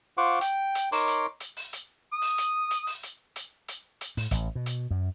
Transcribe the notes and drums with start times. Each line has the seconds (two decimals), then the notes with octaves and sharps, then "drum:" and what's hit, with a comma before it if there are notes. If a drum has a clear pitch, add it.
0.17 F4 C5 F#5 C#6 D6
0.41 G5, drum: hi-hat
0.75 drum: hi-hat
0.92 D#4 A#4 C#5 C6 D6, drum: open hi-hat
1.08 drum: hi-hat
1.40 drum: hi-hat
1.57 drum: open hi-hat
1.73 drum: hi-hat
2.12 D#6
2.22 drum: open hi-hat
2.38 drum: hi-hat
2.71 drum: hi-hat
2.87 drum: open hi-hat
3.03 drum: hi-hat
3.36 drum: hi-hat
3.68 drum: hi-hat
4.01 drum: hi-hat
4.17 A2, drum: open hi-hat
4.31 A1, drum: hi-hat
4.55 B2
4.66 drum: hi-hat
4.91 F#2